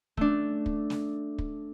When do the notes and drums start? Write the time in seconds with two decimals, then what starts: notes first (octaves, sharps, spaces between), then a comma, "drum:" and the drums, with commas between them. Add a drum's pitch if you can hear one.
0.17 A3 D4, drum: kick
0.66 drum: kick
0.90 drum: snare
1.38 drum: kick